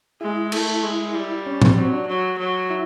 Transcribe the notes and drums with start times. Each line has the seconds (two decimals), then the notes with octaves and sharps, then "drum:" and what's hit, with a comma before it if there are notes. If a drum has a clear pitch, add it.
0.21 G#3 E4
0.52 A3, drum: cymbal
0.83 G#3
1.15 G3
1.46 C#4
1.62 C4, drum: tom
1.77 F#3 C4
1.92 D4
2.08 F#3
2.39 F#3
2.70 E4